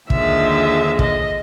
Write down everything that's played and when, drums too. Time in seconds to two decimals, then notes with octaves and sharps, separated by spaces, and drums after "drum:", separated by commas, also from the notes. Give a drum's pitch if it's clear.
0.10 D#2 D3 F3 G#3 E5, drum: kick
0.99 D#5, drum: kick